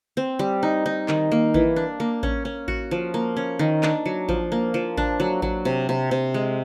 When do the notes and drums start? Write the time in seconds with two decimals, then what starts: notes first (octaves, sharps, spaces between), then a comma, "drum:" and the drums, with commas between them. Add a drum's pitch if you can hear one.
0.17 C4
0.39 G3
0.63 D#4
0.86 D#4
1.08 D#3, drum: clap
1.32 A#3
1.54 E3, drum: kick A1
1.76 D4
2.00 A#3
2.23 C#4, drum: kick A1
2.45 C#4
2.68 F#4, drum: kick A1
2.91 F3
3.14 A#3
3.36 C#4
3.59 D#3
3.83 D4, drum: clap
4.06 F#3
4.29 F3, drum: kick A1
4.52 A#3
4.74 F3
4.97 D4, drum: kick A1
5.20 F#3
5.42 F#3, drum: kick A1
5.65 C3
5.89 C3
6.11 C3
6.34 G#3